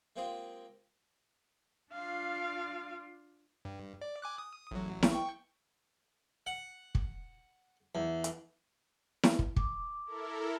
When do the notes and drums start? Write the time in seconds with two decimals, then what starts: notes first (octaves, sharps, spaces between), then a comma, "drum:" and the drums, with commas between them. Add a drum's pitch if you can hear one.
0.16 G#3 A#3 C4 F4 G4 G#4
1.92 D4 F4 F5
3.65 G2
4.01 D5
4.22 G#5 D6 F#6
4.38 D#6
4.71 A1 F#3
5.03 drum: snare E4
5.12 G5 C#6
6.46 F#5
6.95 drum: kick
7.95 E2
8.24 drum: hi-hat
9.23 drum: snare E4
9.39 drum: kick
9.56 D6, drum: kick
10.06 E4 A4 A#4